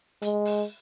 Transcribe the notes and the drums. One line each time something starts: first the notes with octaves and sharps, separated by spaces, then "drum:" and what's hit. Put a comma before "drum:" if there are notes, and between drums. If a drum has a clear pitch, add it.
G#3, drum: hi-hat
drum: open hi-hat